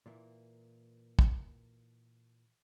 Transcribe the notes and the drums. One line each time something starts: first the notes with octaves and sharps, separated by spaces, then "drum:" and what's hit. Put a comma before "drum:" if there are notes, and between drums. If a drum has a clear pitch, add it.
A#2 E3 A#3
drum: kick